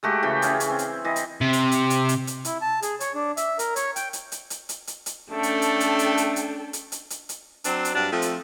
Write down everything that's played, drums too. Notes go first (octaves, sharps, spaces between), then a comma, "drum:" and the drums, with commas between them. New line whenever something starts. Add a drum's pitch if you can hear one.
G#3 A3 F#4 G4
C#3 E3 G5
C#4 G#4, drum: hi-hat
drum: hi-hat
C4
drum: hi-hat
E3 D#5
drum: hi-hat
C3
drum: hi-hat
drum: hi-hat
drum: hi-hat
drum: hi-hat
drum: hi-hat
E4, drum: hi-hat
A5
G#4, drum: hi-hat
C#5, drum: hi-hat
D4
E5, drum: hi-hat
A#4, drum: hi-hat
C#5, drum: hi-hat
G5, drum: hi-hat
drum: hi-hat
drum: hi-hat
drum: hi-hat
drum: hi-hat
drum: hi-hat
drum: hi-hat
A3 C#4 D4 A4 G5 A5
drum: hi-hat
drum: hi-hat
drum: hi-hat
drum: hi-hat
drum: hi-hat
drum: hi-hat
drum: hi-hat
drum: hi-hat
drum: hi-hat
drum: hi-hat
F#3 C4 D4, drum: hi-hat
drum: hi-hat
G2 F#3 D4
F3 A3 C4
drum: hi-hat